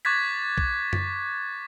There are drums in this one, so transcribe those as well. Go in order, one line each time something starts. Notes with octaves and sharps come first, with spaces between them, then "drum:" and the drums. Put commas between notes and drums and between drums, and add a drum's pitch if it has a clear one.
C#6 D6 F#6 G#6 A6 B6
drum: kick
drum: tom F#2